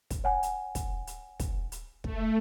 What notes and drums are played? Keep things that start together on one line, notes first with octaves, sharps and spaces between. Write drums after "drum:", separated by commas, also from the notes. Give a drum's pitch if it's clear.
drum: kick, hi-hat
C#5 F#5 G#5
drum: hi-hat
drum: kick, hi-hat
drum: hi-hat
drum: kick, hi-hat
drum: hi-hat
A3, drum: kick